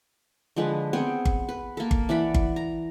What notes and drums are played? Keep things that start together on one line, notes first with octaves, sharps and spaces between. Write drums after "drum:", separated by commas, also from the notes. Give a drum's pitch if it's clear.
D3 F3 G#3 B4
B3 C4 G#4 G5
drum: kick G1
B4
A#3 A4
drum: kick G1
E3 D5 F#5 B5
drum: kick G1
A#5